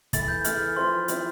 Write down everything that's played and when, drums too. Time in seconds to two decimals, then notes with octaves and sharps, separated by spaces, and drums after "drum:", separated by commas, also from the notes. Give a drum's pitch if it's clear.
0.13 E3 A3 E4 A6, drum: kick, hi-hat
0.28 G6
0.44 E3 A3 E4 F6, drum: hi-hat
0.77 F3 C4 E4 C6
1.08 F3 C4 E4, drum: hi-hat